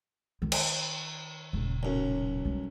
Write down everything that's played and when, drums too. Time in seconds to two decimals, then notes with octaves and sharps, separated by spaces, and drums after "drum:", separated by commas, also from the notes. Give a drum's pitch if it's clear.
0.42 D#3 F4
0.52 drum: cymbal
1.53 D#1 C#3
1.83 B1 F#2
2.45 G3 C#4